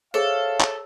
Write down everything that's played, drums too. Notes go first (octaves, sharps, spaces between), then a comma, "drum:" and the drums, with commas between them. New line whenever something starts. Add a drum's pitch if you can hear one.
G#4 A4 C5 C#5 E5 F5
drum: clap